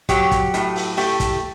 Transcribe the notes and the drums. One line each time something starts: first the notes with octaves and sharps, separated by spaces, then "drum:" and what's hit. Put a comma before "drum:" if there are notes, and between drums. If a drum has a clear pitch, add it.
F#3 G4, drum: kick, hi-hat
drum: kick, hi-hat
A2, drum: hi-hat
drum: open hi-hat
A3 G4, drum: open hi-hat
drum: kick, hi-hat